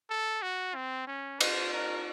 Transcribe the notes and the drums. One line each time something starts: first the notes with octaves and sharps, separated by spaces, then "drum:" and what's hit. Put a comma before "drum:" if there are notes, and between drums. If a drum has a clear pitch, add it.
A4
F#4
C4
C#4
C5, drum: cymbal
A#4